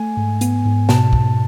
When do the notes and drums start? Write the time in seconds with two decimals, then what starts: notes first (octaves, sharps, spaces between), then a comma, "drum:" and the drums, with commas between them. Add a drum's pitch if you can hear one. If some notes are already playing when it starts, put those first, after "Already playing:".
Already playing: A3 G#5
0.17 G#2
0.41 B3, drum: hi-hat
0.65 G#2
0.89 B2 A5, drum: snare
1.13 drum: kick